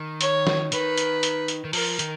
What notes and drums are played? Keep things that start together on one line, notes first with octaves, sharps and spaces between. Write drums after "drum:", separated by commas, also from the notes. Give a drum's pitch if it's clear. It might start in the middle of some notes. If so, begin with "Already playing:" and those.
Already playing: D#3
C#5, drum: hi-hat
drum: snare
D#3 B4, drum: hi-hat
drum: hi-hat
drum: hi-hat
drum: hi-hat
D#3
F3 A#4, drum: open hi-hat
D#3, drum: hi-hat